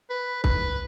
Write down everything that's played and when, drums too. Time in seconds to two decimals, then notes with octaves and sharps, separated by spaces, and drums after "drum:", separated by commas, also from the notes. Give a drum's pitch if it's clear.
0.10 B4
0.44 B4, drum: kick C2